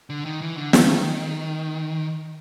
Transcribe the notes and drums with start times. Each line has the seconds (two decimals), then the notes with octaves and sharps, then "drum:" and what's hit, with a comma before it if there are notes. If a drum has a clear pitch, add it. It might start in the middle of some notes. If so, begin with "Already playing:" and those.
0.10 D3
0.25 D#3
0.41 E3
0.57 D3
0.73 D#3, drum: snare